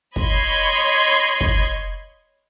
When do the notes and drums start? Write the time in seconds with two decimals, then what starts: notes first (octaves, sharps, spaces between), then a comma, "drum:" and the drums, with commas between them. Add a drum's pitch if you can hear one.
0.16 C#5 D#5 B5 C6 G#6, drum: kick
1.40 drum: kick